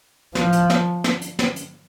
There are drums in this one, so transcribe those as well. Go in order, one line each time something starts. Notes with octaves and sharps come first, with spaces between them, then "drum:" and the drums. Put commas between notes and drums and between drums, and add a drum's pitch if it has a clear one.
F3, drum: snare
drum: hi-hat
drum: snare
drum: snare
drum: hi-hat
drum: snare
drum: hi-hat